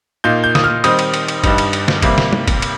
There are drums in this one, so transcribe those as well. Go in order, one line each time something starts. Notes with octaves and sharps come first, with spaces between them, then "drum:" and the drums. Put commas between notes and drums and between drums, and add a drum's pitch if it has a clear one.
A#2 A#3 D#4 G6
G6
D#6, drum: snare
F6
D#3 G3 C4 D#4 D#6, drum: cymbal
drum: cymbal
drum: cymbal
drum: cymbal
G2 G3 D#4, drum: kick, cymbal
drum: cymbal
drum: cymbal
drum: snare
C3 G3 A#3, drum: kick, cymbal
drum: snare
drum: tom G3
drum: kick, cymbal
drum: cymbal